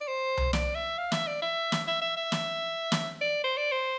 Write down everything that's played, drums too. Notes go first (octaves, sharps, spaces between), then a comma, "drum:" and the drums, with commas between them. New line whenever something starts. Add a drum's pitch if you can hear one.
D5
C5
drum: tom C2
D5, drum: snare
E5
F5
E5, drum: snare
D5
E5
drum: snare
E5
E5
E5
drum: snare
drum: snare
D5
C5
D5
C5